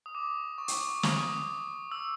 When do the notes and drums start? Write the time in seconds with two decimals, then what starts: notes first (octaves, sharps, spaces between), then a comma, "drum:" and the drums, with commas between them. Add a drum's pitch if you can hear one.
0.06 D#6
0.15 D6
0.58 C#6
0.68 drum: hi-hat
1.03 D#6, drum: snare
1.92 E6